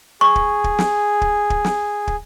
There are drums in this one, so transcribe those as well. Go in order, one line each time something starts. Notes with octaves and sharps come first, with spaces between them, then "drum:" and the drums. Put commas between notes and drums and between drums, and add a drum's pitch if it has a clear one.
G#4 C#6
drum: kick
drum: kick
drum: snare
drum: kick
drum: kick
drum: snare
drum: kick